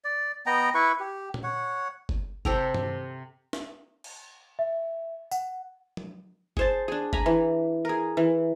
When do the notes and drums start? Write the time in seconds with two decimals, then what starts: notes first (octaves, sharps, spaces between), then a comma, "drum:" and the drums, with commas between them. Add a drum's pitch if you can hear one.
0.04 D5
0.46 B3 D#5 G5 A#5
0.74 E4 B4 C#6
1.00 G4
1.34 drum: tom A#2
1.43 C#5 F#5
2.09 drum: kick
2.45 C3 G4 A4 A#5, drum: kick
2.75 drum: tom G2
3.53 drum: snare
4.04 drum: cymbal
4.59 E5
5.31 F#5, drum: tambourine
5.97 drum: tom F#3
6.57 G#4 C5 A5, drum: kick
6.88 D4 G#4
7.13 G#5 A#5 B5, drum: kick
7.26 E3
7.85 G#4 A#4
8.17 E3